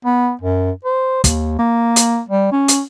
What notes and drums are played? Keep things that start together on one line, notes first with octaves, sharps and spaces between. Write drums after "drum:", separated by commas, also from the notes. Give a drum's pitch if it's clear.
B3
F#2
C5
D#2, drum: kick, hi-hat
A#3
drum: hi-hat
G3
C#4
drum: hi-hat